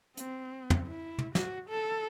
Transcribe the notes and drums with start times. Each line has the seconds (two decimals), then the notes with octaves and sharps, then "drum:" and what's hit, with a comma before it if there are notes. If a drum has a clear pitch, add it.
0.17 C4, drum: hi-hat
0.70 drum: tom
0.88 E4
1.18 drum: tom
1.35 F#4, drum: snare
1.69 A4